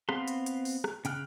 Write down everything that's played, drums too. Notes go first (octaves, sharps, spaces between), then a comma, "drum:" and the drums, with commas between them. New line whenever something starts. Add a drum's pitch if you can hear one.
B3 C4 F5 B5 C6, drum: rim click
drum: hi-hat
drum: hi-hat
drum: open hi-hat
drum: rim click
C#3 G5 F6 F#6, drum: hi-hat